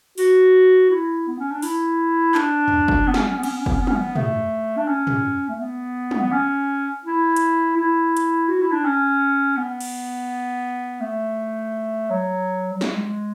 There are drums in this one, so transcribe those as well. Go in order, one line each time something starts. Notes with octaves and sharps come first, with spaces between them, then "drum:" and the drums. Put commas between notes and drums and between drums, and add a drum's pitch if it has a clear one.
F#4, drum: open hi-hat
E4
B3
C#4
D4
E4, drum: open hi-hat
D4, drum: clap
drum: tom
drum: kick F#1
B3
C#4, drum: snare
B3
C#4
B3
C#4, drum: cymbal
B3
C#4
B3, drum: kick F#1
C#4
B3
C#4, drum: tom
B3
A3, drum: tom
D4
C#4
drum: tom
A3
B3
drum: tom
B3
C#4
E4
drum: hi-hat
E4
drum: hi-hat
F#4
E4
D4
C#4
B3
drum: cymbal
A3
F#3
F#3
G#3, drum: snare